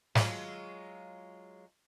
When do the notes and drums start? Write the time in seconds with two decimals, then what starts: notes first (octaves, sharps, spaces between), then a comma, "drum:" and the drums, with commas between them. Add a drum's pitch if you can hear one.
0.15 F#3 G#3 F4, drum: snare